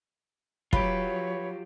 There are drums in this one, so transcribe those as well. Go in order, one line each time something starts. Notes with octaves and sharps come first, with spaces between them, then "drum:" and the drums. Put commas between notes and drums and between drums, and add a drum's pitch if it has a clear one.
F#3 F4 G4 B4 C#5, drum: kick